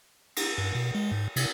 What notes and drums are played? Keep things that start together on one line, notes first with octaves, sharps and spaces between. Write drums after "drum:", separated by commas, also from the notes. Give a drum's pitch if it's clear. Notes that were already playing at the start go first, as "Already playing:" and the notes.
drum: cymbal
G2
B2
G#3
G#2
C3, drum: cymbal